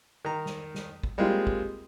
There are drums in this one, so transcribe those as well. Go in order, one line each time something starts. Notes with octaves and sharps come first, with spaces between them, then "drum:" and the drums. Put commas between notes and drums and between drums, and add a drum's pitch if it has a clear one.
D#3 A#5
drum: snare
drum: snare
drum: kick
G3 G#3 A#3 C4 F4
drum: kick